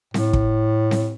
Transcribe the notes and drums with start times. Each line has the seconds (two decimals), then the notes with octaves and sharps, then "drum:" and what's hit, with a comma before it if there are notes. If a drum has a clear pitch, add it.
0.14 A2, drum: snare C4
0.33 drum: kick
0.91 drum: snare C4